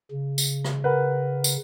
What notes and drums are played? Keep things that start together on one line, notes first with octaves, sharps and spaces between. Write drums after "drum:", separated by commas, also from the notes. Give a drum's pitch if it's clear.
C#3
drum: tambourine
drum: rim click
A#4 B4 F#5
drum: tambourine